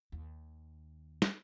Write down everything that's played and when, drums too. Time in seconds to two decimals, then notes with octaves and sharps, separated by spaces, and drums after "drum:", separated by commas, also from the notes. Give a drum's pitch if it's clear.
0.12 D#2
1.22 drum: snare